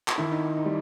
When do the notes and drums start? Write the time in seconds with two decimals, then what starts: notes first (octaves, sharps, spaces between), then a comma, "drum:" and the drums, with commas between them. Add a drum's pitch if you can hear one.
0.08 drum: clap
0.18 D#3 E4
0.31 D#4
0.57 D#4
0.66 G3